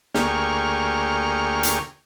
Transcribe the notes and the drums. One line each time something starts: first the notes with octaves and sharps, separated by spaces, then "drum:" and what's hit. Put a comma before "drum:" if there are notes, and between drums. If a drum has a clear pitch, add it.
D2 A#3 G4 G#4 C#6 F6, drum: snare
drum: hi-hat